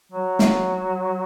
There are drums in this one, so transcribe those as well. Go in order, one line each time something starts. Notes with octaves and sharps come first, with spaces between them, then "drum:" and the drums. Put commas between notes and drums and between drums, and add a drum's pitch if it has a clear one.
F#3
drum: snare